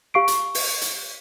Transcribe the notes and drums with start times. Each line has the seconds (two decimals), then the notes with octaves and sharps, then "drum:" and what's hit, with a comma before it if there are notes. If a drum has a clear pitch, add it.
0.14 G4 F5 C#6 C7 D7
0.28 drum: hi-hat
0.55 drum: open hi-hat
0.82 drum: hi-hat